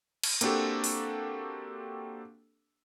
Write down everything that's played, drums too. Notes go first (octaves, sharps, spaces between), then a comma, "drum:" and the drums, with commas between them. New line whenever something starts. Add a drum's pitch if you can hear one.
drum: cymbal
A#3 C4 D4 F#4 G4 A4, drum: hi-hat
drum: open hi-hat